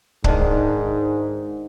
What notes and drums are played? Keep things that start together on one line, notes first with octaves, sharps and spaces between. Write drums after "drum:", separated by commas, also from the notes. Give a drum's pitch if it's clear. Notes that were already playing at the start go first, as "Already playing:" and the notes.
G#2 D#3 G#3 D4, drum: kick C#1